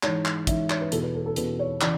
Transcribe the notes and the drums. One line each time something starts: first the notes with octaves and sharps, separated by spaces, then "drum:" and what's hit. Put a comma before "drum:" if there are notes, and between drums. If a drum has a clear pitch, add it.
G#2 E3 C#5, drum: clap
drum: clap
G#2 E3 E5, drum: kick, hi-hat
C#5, drum: clap
B4
E2 B2 A4, drum: hi-hat
B4
A4
A4
E2 B2 B4, drum: hi-hat
C#5
C#3 E3 D5, drum: clap